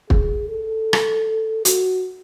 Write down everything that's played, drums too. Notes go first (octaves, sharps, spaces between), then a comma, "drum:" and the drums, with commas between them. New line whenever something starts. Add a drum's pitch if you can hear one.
G#4, drum: kick
A4
drum: rim click
F#4, drum: hi-hat